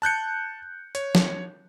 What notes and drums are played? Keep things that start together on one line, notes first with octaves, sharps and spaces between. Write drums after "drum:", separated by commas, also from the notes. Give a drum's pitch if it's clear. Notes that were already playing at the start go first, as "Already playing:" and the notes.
A5 F#6 G6 C#7
C#5, drum: hi-hat
drum: snare